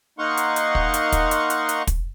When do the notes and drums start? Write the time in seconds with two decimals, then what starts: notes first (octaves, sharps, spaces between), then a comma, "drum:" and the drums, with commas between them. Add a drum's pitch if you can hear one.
0.19 A#3 D#4 F5 F#5 C6 C#6
0.37 drum: hi-hat
0.56 drum: hi-hat
0.75 drum: kick
0.94 drum: hi-hat
1.12 drum: kick, hi-hat
1.31 drum: hi-hat
1.50 drum: hi-hat
1.69 drum: hi-hat
1.87 drum: kick, hi-hat